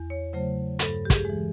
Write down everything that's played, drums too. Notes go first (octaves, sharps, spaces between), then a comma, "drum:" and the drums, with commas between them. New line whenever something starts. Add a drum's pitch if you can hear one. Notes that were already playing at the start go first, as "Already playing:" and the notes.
Already playing: E2
C#5
C#3 F#3 A3 C5
G2 A4, drum: hi-hat
G4
G#4, drum: kick, hi-hat
E3 G#3